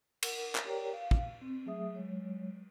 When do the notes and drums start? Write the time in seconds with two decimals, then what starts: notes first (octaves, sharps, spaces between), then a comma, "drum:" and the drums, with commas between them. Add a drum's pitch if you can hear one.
0.23 A#4 F#5, drum: cymbal
0.55 drum: clap
0.65 G4 A#4 C#5 D5 G5 A#5
0.93 F5
1.11 drum: kick
1.41 C4
1.66 F#3 A3 G#4 E5 D#6
1.95 F#3 G#3 C#5